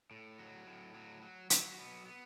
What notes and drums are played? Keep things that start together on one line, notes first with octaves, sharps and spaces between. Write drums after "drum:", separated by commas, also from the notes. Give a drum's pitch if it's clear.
A2
F#3
A2
F#3
F#3
F#3, drum: hi-hat
B3
B3